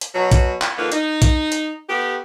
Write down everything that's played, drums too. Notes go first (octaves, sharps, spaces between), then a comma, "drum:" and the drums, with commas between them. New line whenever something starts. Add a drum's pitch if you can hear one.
drum: hi-hat
B2 F#3
drum: kick, hi-hat
drum: clap
D3 D#3 F3 A#3 B4
D#4, drum: hi-hat
drum: kick, hi-hat
drum: hi-hat
A3 B3 G4